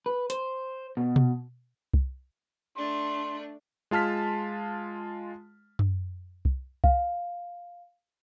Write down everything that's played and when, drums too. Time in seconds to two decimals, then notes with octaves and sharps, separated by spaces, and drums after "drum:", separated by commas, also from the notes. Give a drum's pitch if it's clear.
0.06 B4
0.30 C5, drum: hi-hat
0.97 B2
1.16 drum: tom B2
1.94 drum: kick C2
2.77 A3 D4 C6
3.91 G#3 F4 A5 F6 B6
5.79 drum: tom F#2
6.45 drum: kick C2
6.84 F5, drum: kick C2